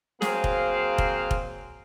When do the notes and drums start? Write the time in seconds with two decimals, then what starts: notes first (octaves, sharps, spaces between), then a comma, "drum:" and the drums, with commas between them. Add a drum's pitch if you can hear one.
0.22 F#3 A#3 C4 G#4 C5 F5, drum: snare
0.44 drum: kick F1
0.98 drum: kick F1
1.31 drum: kick F1